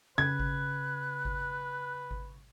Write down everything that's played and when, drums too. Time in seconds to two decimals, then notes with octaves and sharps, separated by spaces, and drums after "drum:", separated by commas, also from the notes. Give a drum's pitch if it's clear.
0.18 C#3 B4 F#6 G#6
0.39 drum: kick G#1
1.25 drum: kick G#1
2.11 drum: kick G#1